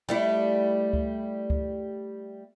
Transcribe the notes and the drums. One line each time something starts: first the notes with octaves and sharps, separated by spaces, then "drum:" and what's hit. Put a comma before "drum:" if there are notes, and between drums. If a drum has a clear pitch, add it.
G3 A3 E4
drum: kick C#2
drum: kick C#2